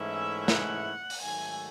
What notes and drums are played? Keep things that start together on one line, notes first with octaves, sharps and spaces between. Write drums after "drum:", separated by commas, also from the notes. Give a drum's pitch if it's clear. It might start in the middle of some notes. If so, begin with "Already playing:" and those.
Already playing: G#2 E3 A3 C#4 E4
E5
F#5, drum: snare
drum: open hi-hat
G#2 D#3 F#3 A3 G#5